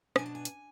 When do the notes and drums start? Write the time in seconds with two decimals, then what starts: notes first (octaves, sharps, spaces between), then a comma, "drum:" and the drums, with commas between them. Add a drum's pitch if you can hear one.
0.16 B2 B3 D4 G#5, drum: rim click
0.26 A5
0.35 G#5
0.45 drum: hi-hat